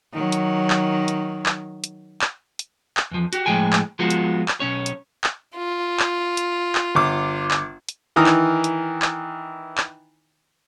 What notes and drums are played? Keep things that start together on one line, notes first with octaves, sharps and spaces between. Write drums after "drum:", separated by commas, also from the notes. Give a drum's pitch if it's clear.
D#3 F#3
drum: hi-hat
drum: clap
drum: hi-hat
drum: clap
drum: hi-hat
drum: clap
drum: hi-hat
drum: clap
E2 F3
F#4 G4, drum: hi-hat
A2 F3 G#3 G5 G#5
drum: clap
F3 G#3 B3 F4 F#4
drum: hi-hat
drum: clap
B1 C#4 C#5
drum: hi-hat
drum: clap
F4
drum: clap
drum: hi-hat
drum: clap
G1 D6
drum: clap
drum: hi-hat
D#3 E3 A#5 D#6 F6
drum: clap
drum: hi-hat
drum: clap
drum: clap